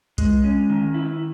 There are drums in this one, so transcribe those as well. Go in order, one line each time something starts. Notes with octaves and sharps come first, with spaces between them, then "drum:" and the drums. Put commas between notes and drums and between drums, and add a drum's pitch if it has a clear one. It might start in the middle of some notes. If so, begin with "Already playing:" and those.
G#3, drum: kick C2, hi-hat
C#4
D#3
E4